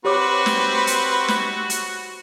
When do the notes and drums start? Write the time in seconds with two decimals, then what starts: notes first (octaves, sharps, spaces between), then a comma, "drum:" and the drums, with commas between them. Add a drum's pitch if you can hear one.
0.05 C4 F#4 G4 B4 C#5 D6
0.46 drum: snare
0.87 drum: hi-hat
1.28 drum: snare
1.70 drum: hi-hat